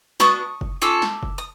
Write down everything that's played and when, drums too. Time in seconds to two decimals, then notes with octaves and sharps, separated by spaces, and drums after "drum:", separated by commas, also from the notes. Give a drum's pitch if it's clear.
0.20 B3 D4 F#4 C#6 D#6, drum: snare
0.61 drum: kick F1
0.82 C#4 F4 A4 D6 E6
1.02 drum: snare
1.23 drum: kick F1
1.38 D#6